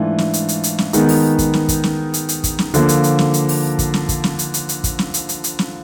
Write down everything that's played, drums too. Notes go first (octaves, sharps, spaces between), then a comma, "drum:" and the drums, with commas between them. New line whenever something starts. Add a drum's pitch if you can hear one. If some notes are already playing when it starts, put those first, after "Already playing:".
Already playing: G#2 E3 A3 D4 F4
drum: snare
drum: hi-hat
drum: hi-hat
drum: hi-hat
drum: snare
D#3 G#3 B3 D#4, drum: hi-hat
drum: open hi-hat
drum: kick, hi-hat
drum: snare
drum: kick, hi-hat
drum: snare
drum: hi-hat
drum: hi-hat
drum: kick, hi-hat
drum: snare
D3 F3 A#3, drum: hi-hat
drum: hi-hat
drum: hi-hat
drum: snare
drum: hi-hat
drum: open hi-hat
drum: kick, hi-hat
drum: snare
drum: kick, hi-hat
drum: snare
drum: hi-hat
drum: hi-hat
drum: hi-hat
drum: kick, hi-hat
drum: snare
drum: hi-hat
drum: hi-hat
drum: hi-hat
drum: snare